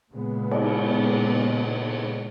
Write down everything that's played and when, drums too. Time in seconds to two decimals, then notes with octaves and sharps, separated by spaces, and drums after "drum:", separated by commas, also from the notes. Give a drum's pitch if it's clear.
0.12 A#2 C#3 G#3 B3
0.51 drum: cymbal